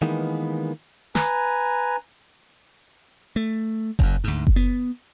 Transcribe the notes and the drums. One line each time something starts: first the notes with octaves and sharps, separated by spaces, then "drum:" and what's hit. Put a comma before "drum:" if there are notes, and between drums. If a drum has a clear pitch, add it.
D#3 E3 G#3 A#3 B3
B4 G#5 A#5, drum: snare
A3
F#1 F#2, drum: kick F#1
D2 G#2
drum: kick F#1
B3